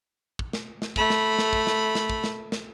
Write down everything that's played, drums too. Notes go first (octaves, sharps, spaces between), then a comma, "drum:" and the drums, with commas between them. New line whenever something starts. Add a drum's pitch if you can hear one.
drum: kick
drum: snare
drum: snare
A3 B5, drum: kick
drum: snare
drum: snare
drum: kick
drum: snare
drum: snare
drum: kick
drum: snare
drum: snare